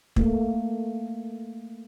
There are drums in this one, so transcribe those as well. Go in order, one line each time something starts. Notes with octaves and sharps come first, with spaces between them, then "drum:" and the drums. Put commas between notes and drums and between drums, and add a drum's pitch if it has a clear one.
A3 A#3, drum: kick